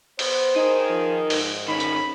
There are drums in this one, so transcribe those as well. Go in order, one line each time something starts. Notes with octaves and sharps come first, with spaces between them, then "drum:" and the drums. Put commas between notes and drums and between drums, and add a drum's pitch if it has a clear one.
B3 C5, drum: open hi-hat
D#4 G#4 A#4
F3
G#2, drum: open hi-hat
D#3 C#4 B5
drum: tambourine